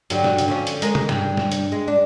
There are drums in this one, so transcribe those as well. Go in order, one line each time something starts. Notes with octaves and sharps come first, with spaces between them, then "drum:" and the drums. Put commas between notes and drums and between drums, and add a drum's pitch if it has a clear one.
G2 D3 F#3, drum: hi-hat
drum: snare
drum: hi-hat
D3 F3 C#4
drum: hi-hat
G#3 A#3, drum: hi-hat
drum: tom
G2, drum: snare
drum: snare
drum: hi-hat
G#3
D4